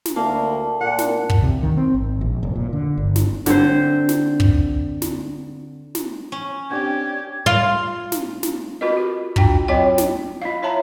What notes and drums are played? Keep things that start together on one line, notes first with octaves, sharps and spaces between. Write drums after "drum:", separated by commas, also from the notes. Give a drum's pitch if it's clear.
drum: snare
D2 A#3 A5
A#2 F#5
drum: snare
drum: kick
C3
D#3
C4
G#1
A#1
F1
A#2
D3
G1
drum: snare
D3 C4 C5, drum: snare
drum: snare
drum: kick
drum: snare
drum: snare
C#4
C4 D4 G4 G#6
F4
drum: snare
drum: snare
C4 F4 F#4 A#4 B4 D#5
G4
D4 F4 F#4 G5, drum: kick
F#3 C4 F4 C#5 D#5 G5
drum: snare
F4 D#5 F5
E4 C#5 E5 A5 A#5